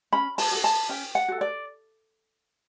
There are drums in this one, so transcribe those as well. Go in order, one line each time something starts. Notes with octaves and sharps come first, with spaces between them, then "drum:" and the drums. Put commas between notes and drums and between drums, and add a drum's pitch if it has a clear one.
C#4 B5
A5, drum: open hi-hat
F#4 A4
A5
C#4 G5
F#5
F#4 A4
D5